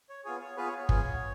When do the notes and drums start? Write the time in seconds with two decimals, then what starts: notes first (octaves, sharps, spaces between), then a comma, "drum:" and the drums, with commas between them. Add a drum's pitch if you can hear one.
0.09 C#5
0.25 B3 F4 G#4 C#5
0.41 C#5
0.57 B3 F4 G#4 B4
0.68 C#5
0.78 C#5
0.89 B3 F4 G#4, drum: kick